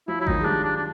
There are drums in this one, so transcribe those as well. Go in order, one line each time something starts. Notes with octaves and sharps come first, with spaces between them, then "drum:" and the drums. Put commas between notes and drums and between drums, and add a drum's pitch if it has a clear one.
F3 E4
F#3 E4
D#3 F3 D#4, drum: kick G#1
G#3
F3 G3 D4
D4
D4